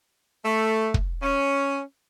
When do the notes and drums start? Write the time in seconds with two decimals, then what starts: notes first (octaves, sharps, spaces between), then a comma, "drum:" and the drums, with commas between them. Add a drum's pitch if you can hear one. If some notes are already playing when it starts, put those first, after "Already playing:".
0.44 A3
0.94 drum: kick
1.23 C#4